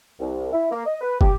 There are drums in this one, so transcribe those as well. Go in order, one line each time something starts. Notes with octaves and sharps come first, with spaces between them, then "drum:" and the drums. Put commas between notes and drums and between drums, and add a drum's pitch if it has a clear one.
C2
E4
A#3
D#5
B4
G4, drum: kick